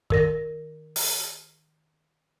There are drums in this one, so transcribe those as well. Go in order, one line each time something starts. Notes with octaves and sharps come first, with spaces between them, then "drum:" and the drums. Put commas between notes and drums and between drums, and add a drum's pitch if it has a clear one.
D#3 A#4 A#6, drum: kick
drum: open hi-hat